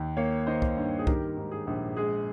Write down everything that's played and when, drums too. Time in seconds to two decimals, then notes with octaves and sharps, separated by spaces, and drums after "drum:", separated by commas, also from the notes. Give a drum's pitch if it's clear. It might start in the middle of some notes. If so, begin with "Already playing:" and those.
Already playing: D#2
0.17 A#3 C#5 F5
0.47 D#3 C5 D#5
0.62 drum: kick C2
0.77 G2
0.99 G#4
1.07 D#3 G4 A#4, drum: kick C2
1.37 G#2
1.51 G#4
1.67 A#1
1.97 G#3 G#4